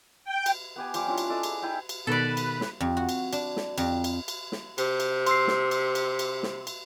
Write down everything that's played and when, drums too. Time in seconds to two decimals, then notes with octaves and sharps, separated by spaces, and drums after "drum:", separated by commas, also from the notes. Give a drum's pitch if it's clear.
0.24 G5
0.46 drum: cymbal
0.76 B3 G4 G#5
0.94 F3 G3 F#5 D6, drum: cymbal
1.07 C#4 D4 E4 F4
1.18 drum: cymbal
1.29 E4 A4 D5 D#5
1.43 G#4, drum: cymbal
1.62 D#4 E4 G5 G#5
1.89 drum: cymbal
2.07 B2 D#3 A4 B4 D5 B5
2.37 drum: cymbal
2.61 drum: snare
2.80 F2
2.97 F#4
3.09 drum: cymbal
3.33 D4, drum: cymbal
3.56 drum: snare
3.78 F2, drum: cymbal
4.04 drum: cymbal
4.28 drum: cymbal
4.52 drum: snare
4.78 C3, drum: cymbal
5.00 drum: cymbal
5.27 C6 E6 C7, drum: cymbal
5.47 drum: snare
5.71 drum: cymbal
5.95 drum: cymbal
6.19 drum: cymbal
6.43 drum: snare
6.67 drum: cymbal